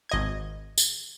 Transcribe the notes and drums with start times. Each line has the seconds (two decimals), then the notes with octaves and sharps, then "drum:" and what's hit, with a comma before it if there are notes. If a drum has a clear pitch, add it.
0.09 G#1 D#5 G#6
0.78 drum: tambourine